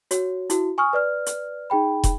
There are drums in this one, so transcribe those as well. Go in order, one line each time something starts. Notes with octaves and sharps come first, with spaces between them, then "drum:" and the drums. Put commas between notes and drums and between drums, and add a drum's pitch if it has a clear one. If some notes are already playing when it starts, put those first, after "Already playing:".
F#4 C#5, drum: hi-hat
E4 F#4, drum: hi-hat
G#5 C#6 D#6 F6
B4 D5 F6
drum: hi-hat
D#4 G#4 G5 B5
drum: kick, hi-hat